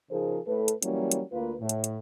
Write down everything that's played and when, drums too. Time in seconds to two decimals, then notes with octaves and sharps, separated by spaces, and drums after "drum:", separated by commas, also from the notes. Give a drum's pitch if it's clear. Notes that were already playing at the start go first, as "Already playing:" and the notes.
0.10 C#3 F3 D#4 G#4 A#4 C5
0.47 A2 A4 B4
0.68 drum: hi-hat
0.82 E3 F#3 G3 A#3 C#4 E4, drum: hi-hat
1.11 drum: hi-hat
1.32 D2 A#3 F4 B4
1.60 A2
1.69 drum: hi-hat
1.84 drum: hi-hat